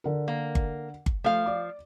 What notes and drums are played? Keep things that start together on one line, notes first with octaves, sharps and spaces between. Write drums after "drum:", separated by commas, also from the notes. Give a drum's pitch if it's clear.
D3 A#4
A#3
drum: kick G1
drum: kick G1
F3 A3 F5
D5 D6